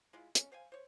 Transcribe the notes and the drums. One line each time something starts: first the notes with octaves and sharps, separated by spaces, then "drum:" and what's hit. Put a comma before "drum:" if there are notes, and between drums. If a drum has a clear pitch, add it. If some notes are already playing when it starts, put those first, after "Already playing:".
G#3 E4 F4
C#4, drum: hi-hat
C5 F5 G5 G#5
C5 C#5